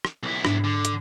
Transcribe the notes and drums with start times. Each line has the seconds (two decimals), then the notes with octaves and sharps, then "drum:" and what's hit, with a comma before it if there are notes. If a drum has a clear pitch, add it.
0.05 drum: rim click
0.23 B1 E4
0.45 G#2 D4, drum: rim click
0.64 D3
0.85 drum: hi-hat